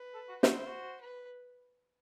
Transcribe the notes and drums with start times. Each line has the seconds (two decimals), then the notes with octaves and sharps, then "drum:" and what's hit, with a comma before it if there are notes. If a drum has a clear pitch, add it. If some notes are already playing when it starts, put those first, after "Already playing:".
Already playing: B4
0.14 A4
0.29 F#4
0.43 F#4 C5, drum: snare
0.55 E4
0.67 F#4
1.01 B4